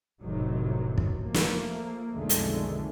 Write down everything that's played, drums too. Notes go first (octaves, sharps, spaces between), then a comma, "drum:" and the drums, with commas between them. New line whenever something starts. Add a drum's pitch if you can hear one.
F1 A2 C3 D#3 F#3
drum: kick
F3 A3 A#3
drum: snare
B1 F2 D3 D#3 G#3 A3
drum: hi-hat